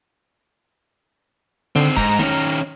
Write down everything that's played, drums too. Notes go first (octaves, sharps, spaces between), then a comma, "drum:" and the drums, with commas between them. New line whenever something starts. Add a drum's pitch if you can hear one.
D3 D#3 C4, drum: hi-hat
G#2 A#5, drum: kick E1
D#3 C#4, drum: snare D#4